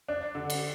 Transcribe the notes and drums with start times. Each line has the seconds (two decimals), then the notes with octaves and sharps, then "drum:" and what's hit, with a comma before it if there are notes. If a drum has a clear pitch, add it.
0.08 D4
0.35 D3
0.50 drum: cymbal